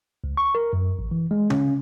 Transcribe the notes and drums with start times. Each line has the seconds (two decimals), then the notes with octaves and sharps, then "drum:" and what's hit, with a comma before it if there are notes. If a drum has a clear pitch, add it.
0.24 C#2
0.37 C#6
0.55 A#4
0.73 F#2
0.99 A1
1.11 E3
1.31 G#3
1.50 C#4, drum: tom C#3